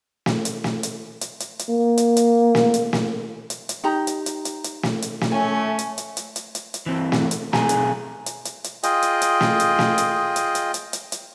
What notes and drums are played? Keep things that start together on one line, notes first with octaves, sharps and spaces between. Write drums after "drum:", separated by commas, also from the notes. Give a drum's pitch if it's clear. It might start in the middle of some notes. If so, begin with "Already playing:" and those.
drum: snare
drum: hi-hat
drum: snare
drum: hi-hat
drum: hi-hat
drum: hi-hat
drum: hi-hat
A#3
drum: hi-hat
drum: hi-hat
drum: snare
drum: hi-hat
drum: snare
drum: hi-hat
drum: hi-hat
D#4 G4 A#5
drum: hi-hat
drum: hi-hat
drum: hi-hat
drum: hi-hat
drum: snare
drum: hi-hat
drum: snare
A3 C#4 G#5
drum: hi-hat
drum: hi-hat
drum: hi-hat
drum: hi-hat
drum: hi-hat
drum: hi-hat
E3 C4
drum: snare
drum: hi-hat
B1 G#2 C4 G#4 G#5 A#5, drum: snare
drum: hi-hat
drum: hi-hat
drum: hi-hat
drum: hi-hat
F4 G#4 D#5 G5, drum: hi-hat
drum: hi-hat
drum: hi-hat
drum: snare
drum: hi-hat
drum: snare
drum: hi-hat
drum: hi-hat
drum: hi-hat
drum: hi-hat
drum: hi-hat
drum: hi-hat